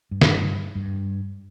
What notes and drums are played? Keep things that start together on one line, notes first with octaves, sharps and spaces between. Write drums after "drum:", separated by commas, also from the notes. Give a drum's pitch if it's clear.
G2
drum: snare
G2